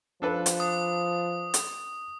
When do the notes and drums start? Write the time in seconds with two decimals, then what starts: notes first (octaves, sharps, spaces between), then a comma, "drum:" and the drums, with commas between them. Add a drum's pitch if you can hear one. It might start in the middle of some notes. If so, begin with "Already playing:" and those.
0.22 F3 D4 A4 B4
0.46 drum: hi-hat
0.60 D#6
1.54 drum: hi-hat